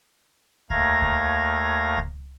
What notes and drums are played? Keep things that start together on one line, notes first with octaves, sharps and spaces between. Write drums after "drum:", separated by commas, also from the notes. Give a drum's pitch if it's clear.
D#2 A3 F5 A#5 G#6 A#6, drum: kick C#2
drum: kick C#2
drum: kick C#2